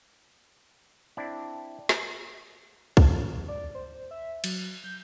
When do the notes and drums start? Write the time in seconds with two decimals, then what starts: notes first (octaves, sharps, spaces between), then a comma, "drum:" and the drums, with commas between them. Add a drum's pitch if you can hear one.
1.17 C4 D4 E4 D5
1.89 drum: snare
2.97 drum: kick
3.48 D5
3.75 C5
4.11 E5
4.44 F#3, drum: cymbal
4.84 G6